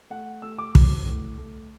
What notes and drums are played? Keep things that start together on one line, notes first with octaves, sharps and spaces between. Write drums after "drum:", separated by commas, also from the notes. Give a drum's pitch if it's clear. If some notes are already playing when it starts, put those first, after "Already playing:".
A3 F#5
A3 E6
D6
F#3, drum: kick
A2
A3